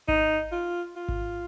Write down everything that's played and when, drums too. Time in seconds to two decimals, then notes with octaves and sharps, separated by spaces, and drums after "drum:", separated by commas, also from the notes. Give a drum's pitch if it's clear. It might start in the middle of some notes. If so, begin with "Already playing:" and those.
0.08 D#4, drum: kick G#1
0.52 F4
0.96 F4
1.09 drum: kick G#1